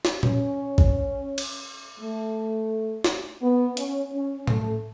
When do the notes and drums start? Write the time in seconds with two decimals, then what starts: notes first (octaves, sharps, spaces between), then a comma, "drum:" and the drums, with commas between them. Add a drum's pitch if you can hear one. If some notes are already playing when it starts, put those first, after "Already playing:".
0.05 drum: snare
0.23 C#4, drum: tom A#2
0.78 drum: kick
1.38 drum: cymbal
2.00 A3
3.04 drum: snare
3.42 B3
3.77 C#4, drum: hi-hat
4.13 C#4
4.47 A3, drum: tom A2